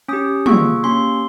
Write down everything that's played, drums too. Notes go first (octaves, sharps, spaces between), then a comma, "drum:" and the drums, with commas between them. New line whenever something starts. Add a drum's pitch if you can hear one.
C#4 G4 D#6
A#3 F4 G#4 C#6, drum: tom
A#3 C#4 G4 C6